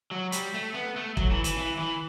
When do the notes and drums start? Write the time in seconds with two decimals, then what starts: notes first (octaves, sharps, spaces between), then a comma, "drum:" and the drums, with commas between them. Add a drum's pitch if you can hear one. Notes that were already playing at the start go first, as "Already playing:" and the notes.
0.11 F#3
0.32 G3, drum: hi-hat
0.54 A3
0.74 B3
0.96 A3
1.17 F#3, drum: kick E1
1.31 E3
1.44 E3, drum: hi-hat
1.58 E3
1.79 E3